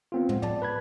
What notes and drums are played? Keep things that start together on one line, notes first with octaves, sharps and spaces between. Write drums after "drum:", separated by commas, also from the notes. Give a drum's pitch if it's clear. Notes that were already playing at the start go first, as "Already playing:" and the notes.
B3 C4 F4
G#3, drum: tom
D5 A5, drum: tom
B4 B5 G#6